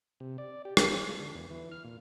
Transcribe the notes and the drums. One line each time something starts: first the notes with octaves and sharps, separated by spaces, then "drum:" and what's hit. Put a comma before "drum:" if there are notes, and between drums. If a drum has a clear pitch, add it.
C3
D5
G4
A4, drum: rim click
F3
D3
E2
E3
F6
A#2